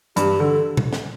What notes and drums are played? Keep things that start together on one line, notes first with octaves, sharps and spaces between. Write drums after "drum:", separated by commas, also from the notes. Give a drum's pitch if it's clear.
G2 G4, drum: hi-hat
D3 A4
drum: tom A#2
drum: snare